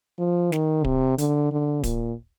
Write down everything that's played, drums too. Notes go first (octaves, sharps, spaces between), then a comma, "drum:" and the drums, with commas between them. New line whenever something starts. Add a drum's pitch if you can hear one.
F3
D#3, drum: snare
C3, drum: kick D1
D3, drum: hi-hat
D3
A#2, drum: kick D1, hi-hat